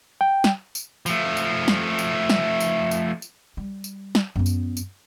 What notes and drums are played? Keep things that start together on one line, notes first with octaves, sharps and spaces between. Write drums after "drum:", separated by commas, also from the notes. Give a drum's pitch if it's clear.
G5
drum: snare
drum: tambourine
F3 A3, drum: tambourine
drum: tambourine
drum: snare
drum: tambourine
drum: snare
drum: tambourine
drum: tambourine
drum: tambourine
G3
drum: tambourine
drum: snare
F#2 B3
drum: tambourine
drum: tambourine